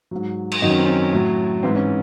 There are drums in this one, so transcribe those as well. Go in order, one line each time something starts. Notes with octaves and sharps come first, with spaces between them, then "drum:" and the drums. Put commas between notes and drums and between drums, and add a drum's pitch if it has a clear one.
G#2 F#3
drum: cymbal
F#2 D#3 F#3 D#4
C#4
C4
C#4
A2 F#3
G#2 E3 C4
C#4